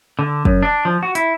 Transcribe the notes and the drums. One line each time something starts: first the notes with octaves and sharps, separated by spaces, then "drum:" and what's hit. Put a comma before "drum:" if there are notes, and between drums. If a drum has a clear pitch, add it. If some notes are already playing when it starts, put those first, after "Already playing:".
D3
F#2, drum: kick
D4
F3
F#4
E4, drum: hi-hat